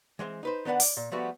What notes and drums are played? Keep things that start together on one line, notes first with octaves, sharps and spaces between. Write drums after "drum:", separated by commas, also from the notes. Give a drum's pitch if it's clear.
E3 G#3 A3 C4
D#4 B4 C5
D#3 B3 D4 B4 F#5
D5, drum: open hi-hat
A#2
F3 G3 A3 B3 F#4